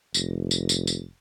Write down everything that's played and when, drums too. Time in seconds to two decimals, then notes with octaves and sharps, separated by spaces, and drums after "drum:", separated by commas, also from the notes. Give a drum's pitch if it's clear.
0.14 F1, drum: tambourine
0.51 drum: tambourine
0.69 drum: tambourine
0.87 drum: tambourine